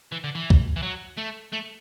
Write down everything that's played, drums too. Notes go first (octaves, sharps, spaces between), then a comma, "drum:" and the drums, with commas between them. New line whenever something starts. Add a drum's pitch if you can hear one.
E3
D3
E3
drum: kick
E3
F#3
A3
A3